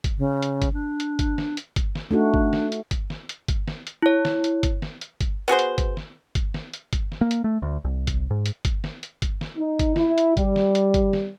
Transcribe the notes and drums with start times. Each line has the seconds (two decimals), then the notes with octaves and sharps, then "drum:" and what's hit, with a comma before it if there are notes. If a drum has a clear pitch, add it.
0.04 drum: kick G1, hi-hat
0.18 C#3
0.42 drum: hi-hat
0.62 drum: kick G1, hi-hat
0.73 D4
1.00 drum: hi-hat
1.19 drum: kick G1, hi-hat
1.38 drum: snare
1.57 drum: hi-hat
1.76 drum: kick G1, hi-hat
1.95 drum: snare
2.11 A3 D4 D#4 F#4
2.34 drum: kick G1
2.53 drum: snare
2.72 drum: hi-hat
2.91 drum: kick G1, hi-hat
3.10 drum: snare
3.29 drum: hi-hat
3.48 drum: kick G1, hi-hat
3.68 drum: snare
3.87 drum: hi-hat
4.02 E4 C#5
4.25 drum: snare
4.44 drum: hi-hat
4.63 drum: kick G1, hi-hat
4.82 drum: snare
5.01 drum: hi-hat
5.21 drum: kick G1, hi-hat
5.48 B3 F#4 G#4 C5
5.59 drum: hi-hat
5.78 drum: kick G1, hi-hat
5.97 drum: snare
6.35 drum: kick G1, hi-hat
6.54 drum: snare
6.73 drum: hi-hat
6.93 drum: kick G1, hi-hat
7.12 drum: snare
7.21 A#3
7.31 drum: hi-hat
7.44 A3
7.62 D2
7.85 C2
8.07 drum: kick G1, hi-hat
8.30 G#2
8.46 drum: hi-hat
8.65 drum: kick G1, hi-hat
8.84 drum: snare
9.03 drum: hi-hat
9.22 drum: kick G1, hi-hat
9.41 drum: snare
9.57 D#4
9.79 drum: kick G1, hi-hat
9.96 E4, drum: snare
10.18 drum: hi-hat
10.37 G3, drum: kick G1, hi-hat
10.56 drum: snare
10.75 drum: hi-hat
10.94 drum: kick G1, hi-hat
11.13 drum: snare